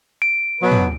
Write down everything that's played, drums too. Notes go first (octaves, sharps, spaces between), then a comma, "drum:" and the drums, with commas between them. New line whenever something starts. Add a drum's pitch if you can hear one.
D7
B2 F#3 B4
drum: tom